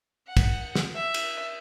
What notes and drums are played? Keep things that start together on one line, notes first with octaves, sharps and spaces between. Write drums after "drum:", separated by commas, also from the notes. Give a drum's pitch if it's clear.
F#5
drum: kick, cymbal
drum: snare
E5
drum: cymbal